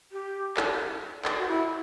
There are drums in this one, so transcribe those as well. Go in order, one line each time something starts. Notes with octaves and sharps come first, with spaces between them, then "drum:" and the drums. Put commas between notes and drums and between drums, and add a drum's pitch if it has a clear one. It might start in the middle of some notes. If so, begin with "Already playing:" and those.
G4
drum: clap
drum: clap
F#4
E4